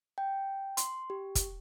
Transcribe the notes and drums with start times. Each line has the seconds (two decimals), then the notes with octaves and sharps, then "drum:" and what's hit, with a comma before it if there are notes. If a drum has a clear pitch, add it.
0.18 G5
0.77 C6, drum: hi-hat
1.10 G4
1.35 drum: kick, hi-hat